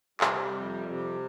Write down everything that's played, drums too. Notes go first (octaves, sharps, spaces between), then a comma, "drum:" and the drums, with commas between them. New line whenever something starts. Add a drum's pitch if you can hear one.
C3 G3, drum: clap
F2
C3